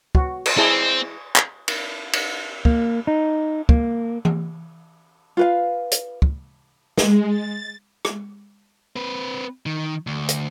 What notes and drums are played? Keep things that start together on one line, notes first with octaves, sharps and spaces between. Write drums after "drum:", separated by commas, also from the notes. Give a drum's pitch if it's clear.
F#4, drum: kick
drum: cymbal
C4 E4 G#4 A5
drum: clap
drum: cymbal
drum: cymbal
A#3, drum: kick
D#4
A#3, drum: kick
drum: tom E3
F4 B4 F5
drum: hi-hat
drum: kick
G#3, drum: snare
A6
drum: rim click
C4 B4
D#3
D2
drum: hi-hat